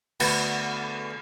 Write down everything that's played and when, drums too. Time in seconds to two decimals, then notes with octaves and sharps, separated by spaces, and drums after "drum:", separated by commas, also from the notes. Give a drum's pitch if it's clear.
0.20 D2 D3 B3 F#4 F#5, drum: cymbal